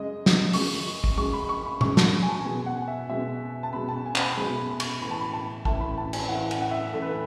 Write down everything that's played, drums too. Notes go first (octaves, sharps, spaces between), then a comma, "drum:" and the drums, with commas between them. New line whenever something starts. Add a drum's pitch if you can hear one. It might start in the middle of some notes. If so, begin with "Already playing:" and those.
Already playing: F#2 C#3 G#3 D#5
drum: snare
F#2 C#3 G#3 C#6, drum: open hi-hat
drum: kick
F#2 C#3 G#3 C#6
B5
C#6
B5
F#2 C#3 G#3 C#6, drum: tom
A5, drum: snare
G#5
A5
B2 G#3 G#5
F#5
E5
B2 G#3 E5
A5
B2 G#3 B5
A5
G#5
A5, drum: clap
B5
B2 G#3 B5
B5
C#6, drum: cymbal
A2 E3 A3 B5
A5
B5
A5
A2 E3 A3 A5, drum: kick
B5
A5
G#5, drum: cymbal
A2 E3 A3 F#5
F#5, drum: cymbal
F#5
E5
A2 E3 A3 A4
B4
A4